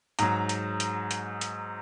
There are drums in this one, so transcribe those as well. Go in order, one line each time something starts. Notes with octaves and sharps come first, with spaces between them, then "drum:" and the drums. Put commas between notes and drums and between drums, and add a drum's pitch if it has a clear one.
G#2 F#3 A#5, drum: hi-hat
drum: hi-hat
drum: hi-hat
drum: hi-hat
drum: hi-hat